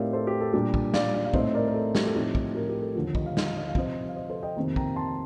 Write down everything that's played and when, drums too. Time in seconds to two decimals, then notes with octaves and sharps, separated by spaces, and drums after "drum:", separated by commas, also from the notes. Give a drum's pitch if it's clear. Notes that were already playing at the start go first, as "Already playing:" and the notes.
Already playing: A2 A3 C4 D#4 G4 A#4 D5 F5
0.13 A4 C5
0.27 G4
0.41 A4
0.53 A#2 G3 D4 G4
0.74 drum: kick
0.94 D5 F5, drum: snare
1.13 D5 F5
1.25 F5
1.34 A2 A3 C4 D#4 C5 D#5, drum: kick
1.54 A#4 D5
1.68 A#4
1.74 A4
1.95 G4, drum: snare
2.05 A4
2.15 A2 F3 A3 C4 D#4 G4
2.35 drum: kick
2.54 G4 A#4
2.69 G4
2.81 A4
2.95 D#2 D3 F3
3.15 D#5, drum: kick
3.26 F5
3.37 D#5, drum: snare
3.47 F5
3.57 D#5
3.68 F5
3.75 C3 F3 C4 C5 D#5, drum: kick
4.09 F5
4.15 C5 D#5
4.29 A4 C5
4.43 D#5 G5
4.56 F2 C3 D#3 A#3
4.76 G5 A#5, drum: kick
4.96 A5 C6